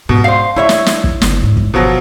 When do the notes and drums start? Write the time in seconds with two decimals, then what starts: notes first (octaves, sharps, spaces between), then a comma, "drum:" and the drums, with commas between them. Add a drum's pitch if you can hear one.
0.09 G#2 B2
0.24 C5 F5 C7
0.56 A3 E4 C#5 E5
0.69 drum: snare
0.86 drum: snare
1.04 drum: kick
1.21 G1, drum: snare
1.43 G#2
1.57 drum: kick
1.74 G1 B2 F3 F#3